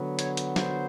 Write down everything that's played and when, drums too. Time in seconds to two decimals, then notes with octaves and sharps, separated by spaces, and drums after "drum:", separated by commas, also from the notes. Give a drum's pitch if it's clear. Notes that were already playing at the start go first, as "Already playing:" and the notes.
Already playing: D3 F#3 B3
0.19 C#5, drum: hi-hat
0.37 drum: hi-hat
0.56 C5, drum: snare